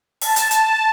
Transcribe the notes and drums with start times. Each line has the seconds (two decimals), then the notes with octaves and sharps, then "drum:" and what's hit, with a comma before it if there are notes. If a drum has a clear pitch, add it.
0.21 A5, drum: open hi-hat
0.36 drum: hi-hat
0.51 drum: hi-hat